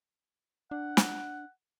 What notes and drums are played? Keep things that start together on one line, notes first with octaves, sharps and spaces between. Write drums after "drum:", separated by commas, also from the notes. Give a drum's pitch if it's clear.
D4 F#5
drum: snare